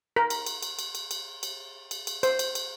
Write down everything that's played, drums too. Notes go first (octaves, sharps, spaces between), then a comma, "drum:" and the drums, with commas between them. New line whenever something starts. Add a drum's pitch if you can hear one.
A#4
drum: cymbal
drum: cymbal
drum: cymbal
drum: cymbal
drum: cymbal
drum: cymbal
drum: cymbal
drum: cymbal
drum: cymbal
C5, drum: cymbal
drum: cymbal
drum: cymbal